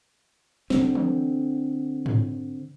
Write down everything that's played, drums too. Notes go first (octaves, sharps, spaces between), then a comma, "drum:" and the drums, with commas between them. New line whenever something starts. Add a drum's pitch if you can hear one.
D3 C4, drum: snare
drum: tom E3
drum: tom G#2